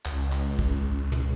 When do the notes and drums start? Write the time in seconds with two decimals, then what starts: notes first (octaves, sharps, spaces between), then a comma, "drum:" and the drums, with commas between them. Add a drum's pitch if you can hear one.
0.06 C#2, drum: clap
0.32 drum: clap
0.59 drum: kick
1.12 drum: tom